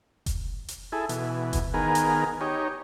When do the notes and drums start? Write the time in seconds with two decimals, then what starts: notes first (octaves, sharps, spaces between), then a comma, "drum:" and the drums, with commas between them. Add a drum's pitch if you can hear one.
0.26 drum: kick F1, hi-hat
0.68 drum: hi-hat
0.92 E4 G#4 A4
1.09 B2 E3, drum: hi-hat
1.53 drum: kick F1, hi-hat
1.74 D#3 B3 G#4 A#4
1.95 drum: hi-hat
2.41 D#4 G4 C#5